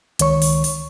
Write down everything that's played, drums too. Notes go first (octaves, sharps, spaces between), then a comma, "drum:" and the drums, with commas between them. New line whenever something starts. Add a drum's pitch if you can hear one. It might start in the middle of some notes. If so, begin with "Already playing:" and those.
C#2 D#3 C#5 C#6, drum: hi-hat
drum: open hi-hat
drum: open hi-hat